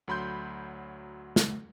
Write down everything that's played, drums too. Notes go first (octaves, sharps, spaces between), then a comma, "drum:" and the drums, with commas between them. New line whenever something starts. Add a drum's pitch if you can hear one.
D2 F#3 B5 C6 G6
drum: snare